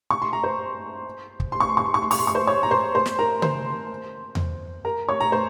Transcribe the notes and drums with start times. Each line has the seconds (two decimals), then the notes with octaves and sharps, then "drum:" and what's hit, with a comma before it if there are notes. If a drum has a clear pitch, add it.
0.10 C#6
0.22 C6
0.33 A#5
0.43 C5 C6
1.40 drum: kick
1.52 C6
1.60 C#6
1.69 C6
1.77 C#6
1.85 C6
1.94 C#6
2.02 C6
2.11 C#6, drum: open hi-hat
2.19 C6
2.27 C#6
2.35 C5 C6
2.47 C#5 C#6
2.63 A#5
2.71 C5 C6
2.95 C5 C6
3.06 drum: snare
3.19 A#4 A#5
3.42 C5 C6, drum: tom C#3
4.35 drum: tom E2
4.85 A#4 A#5
5.08 C#5 C#6
5.20 A#5
5.32 C5 C6